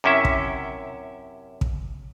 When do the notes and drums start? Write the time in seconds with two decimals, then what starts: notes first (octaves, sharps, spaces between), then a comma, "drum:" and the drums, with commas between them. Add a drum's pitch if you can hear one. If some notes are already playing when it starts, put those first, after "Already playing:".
0.04 F#2 C3 C#4 E4 E5
0.25 drum: kick
1.61 drum: kick